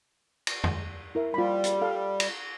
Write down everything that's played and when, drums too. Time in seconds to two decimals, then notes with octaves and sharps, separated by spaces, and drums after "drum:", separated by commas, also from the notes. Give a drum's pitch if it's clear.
0.47 drum: cymbal
0.64 drum: tom F2
1.15 E4 A#4 E5
1.34 G3 F4 B5
1.64 drum: hi-hat
1.81 A4 F5
2.20 drum: cymbal